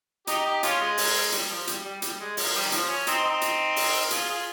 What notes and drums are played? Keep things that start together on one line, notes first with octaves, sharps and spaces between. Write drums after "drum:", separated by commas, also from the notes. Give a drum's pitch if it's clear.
D#4 G4, drum: hi-hat
D#4 G4
C#4 F4, drum: hi-hat
G#3
drum: open hi-hat
G3, drum: hi-hat
F3
G3, drum: hi-hat
G3
G3, drum: hi-hat
G#3
F3, drum: open hi-hat
F3
G3
D#3
F3, drum: hi-hat
C#4
C4 D#4, drum: hi-hat
C4 D#4
drum: hi-hat
drum: open hi-hat
A#4
F4 G#4, drum: hi-hat
F4 G#4